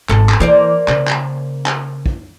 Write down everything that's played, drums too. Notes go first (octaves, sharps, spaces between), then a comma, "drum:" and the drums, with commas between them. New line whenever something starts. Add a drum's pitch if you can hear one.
G#1 A4, drum: clap
drum: clap
E3 A#3 C5 D5
C#3, drum: clap
drum: clap
drum: clap
drum: kick